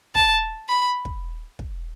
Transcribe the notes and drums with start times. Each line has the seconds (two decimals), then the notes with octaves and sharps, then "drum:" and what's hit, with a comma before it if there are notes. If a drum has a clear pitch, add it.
0.15 A5, drum: kick
0.69 B5
1.05 drum: kick
1.59 drum: kick